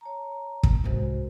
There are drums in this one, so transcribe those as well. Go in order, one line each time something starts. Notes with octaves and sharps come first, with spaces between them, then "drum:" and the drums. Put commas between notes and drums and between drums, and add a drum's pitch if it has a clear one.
C#5 A5 A#5
drum: kick
C2 G#2 F#4 A#4 C5